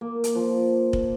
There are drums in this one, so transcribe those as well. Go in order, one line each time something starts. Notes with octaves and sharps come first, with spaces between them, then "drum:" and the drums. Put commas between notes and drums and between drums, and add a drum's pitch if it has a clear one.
A#3
drum: hi-hat
F3
drum: kick